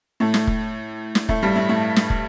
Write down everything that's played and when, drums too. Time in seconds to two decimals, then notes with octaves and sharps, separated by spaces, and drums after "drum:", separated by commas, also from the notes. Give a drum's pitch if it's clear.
0.20 A2 A3
0.34 drum: snare
0.47 drum: kick
1.15 drum: snare
1.29 A2 A3, drum: kick
1.42 G2 G3
1.55 A2 A3
1.69 A2 A3
1.96 drum: snare
2.10 drum: kick